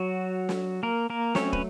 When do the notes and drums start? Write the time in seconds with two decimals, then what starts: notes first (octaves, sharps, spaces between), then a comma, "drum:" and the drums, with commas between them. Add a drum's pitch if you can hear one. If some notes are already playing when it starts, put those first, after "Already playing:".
Already playing: F#3 F#4
0.49 drum: snare
0.83 A#3 A#4
1.10 A#3 A#4
1.35 F#3 A3 C4 C#4 C#5, drum: snare
1.53 B4, drum: kick